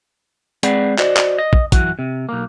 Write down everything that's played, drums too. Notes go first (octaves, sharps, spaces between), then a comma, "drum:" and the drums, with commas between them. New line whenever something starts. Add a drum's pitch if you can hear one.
G#3 C4 G#4 B4 D5 F#5, drum: hi-hat
F#4 C5 D5 D#5, drum: clap
drum: clap
D#5
drum: kick
F#2 E3 F#4, drum: kick, hi-hat
C3
B1 A#3